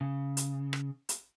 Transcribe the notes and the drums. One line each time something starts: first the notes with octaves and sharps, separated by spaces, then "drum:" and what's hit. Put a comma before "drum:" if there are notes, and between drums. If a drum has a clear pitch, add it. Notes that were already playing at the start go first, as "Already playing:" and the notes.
C#3
drum: hi-hat
drum: rim click
drum: hi-hat